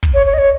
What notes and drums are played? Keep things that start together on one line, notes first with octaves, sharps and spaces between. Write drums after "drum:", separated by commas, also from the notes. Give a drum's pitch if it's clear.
drum: kick
C#5
C#5
D#5
C#5